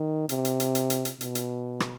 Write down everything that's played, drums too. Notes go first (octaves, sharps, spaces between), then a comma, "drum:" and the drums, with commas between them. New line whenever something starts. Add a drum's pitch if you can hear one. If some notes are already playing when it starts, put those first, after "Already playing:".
Already playing: D#3
C3, drum: hi-hat
drum: hi-hat
drum: hi-hat
drum: hi-hat
drum: hi-hat
drum: hi-hat
B2, drum: hi-hat
drum: hi-hat
drum: rim click